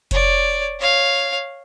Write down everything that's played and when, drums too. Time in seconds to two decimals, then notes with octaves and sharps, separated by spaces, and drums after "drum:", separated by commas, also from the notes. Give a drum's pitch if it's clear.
0.11 C#5 D5, drum: kick F1, hi-hat
0.79 C#5 F5